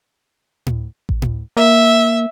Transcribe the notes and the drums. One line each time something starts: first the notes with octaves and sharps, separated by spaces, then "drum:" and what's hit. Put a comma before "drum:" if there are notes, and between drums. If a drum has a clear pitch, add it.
drum: tom A2
drum: kick A1
drum: tom A2
A#3 E5